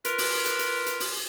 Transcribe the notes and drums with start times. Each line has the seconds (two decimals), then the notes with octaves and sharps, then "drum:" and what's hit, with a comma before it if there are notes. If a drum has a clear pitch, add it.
0.05 F4 A#4 B4, drum: hi-hat
0.18 drum: open hi-hat
0.46 drum: hi-hat
0.59 drum: hi-hat
0.86 drum: hi-hat
1.00 drum: open hi-hat